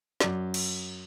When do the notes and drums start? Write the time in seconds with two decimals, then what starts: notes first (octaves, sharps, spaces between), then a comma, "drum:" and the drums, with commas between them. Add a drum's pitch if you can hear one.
0.20 F#2 D5, drum: snare
0.54 drum: cymbal